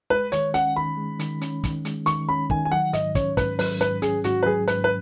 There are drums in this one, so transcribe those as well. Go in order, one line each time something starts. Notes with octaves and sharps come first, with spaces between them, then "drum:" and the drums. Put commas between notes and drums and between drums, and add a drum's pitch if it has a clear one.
G#3 B4
D#3 C#5, drum: hi-hat
C#4 F#5, drum: hi-hat
D#3 B5
G#3
D#3, drum: hi-hat
C#4, drum: hi-hat
D#3, drum: kick, hi-hat
G#3, drum: hi-hat
D#3 C#6, drum: hi-hat
C#4 B5
D#3 G#5, drum: kick
G#5
F#3 F#5
G#2 D#5, drum: hi-hat
C#4 C#5, drum: kick, hi-hat
G#2 B4, drum: kick, hi-hat
F#3 B4, drum: open hi-hat
G#2 B4, drum: hi-hat
C#4 G#4, drum: hi-hat
G#2 F#4, drum: hi-hat
B4
F#3 G#4
G#2 B4, drum: hi-hat
B4